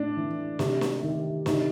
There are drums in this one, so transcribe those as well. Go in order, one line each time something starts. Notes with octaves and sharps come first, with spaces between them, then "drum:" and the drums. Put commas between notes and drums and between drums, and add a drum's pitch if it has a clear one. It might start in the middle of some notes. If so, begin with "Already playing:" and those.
Already playing: A2 D4
E3
C3, drum: snare
drum: snare
D#3
C3 D#4, drum: snare